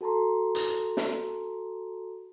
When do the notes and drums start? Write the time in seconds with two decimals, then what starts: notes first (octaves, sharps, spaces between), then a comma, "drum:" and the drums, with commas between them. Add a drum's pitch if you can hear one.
0.01 F#4 A4 A5 A#5 C6
0.55 drum: hi-hat
0.97 drum: snare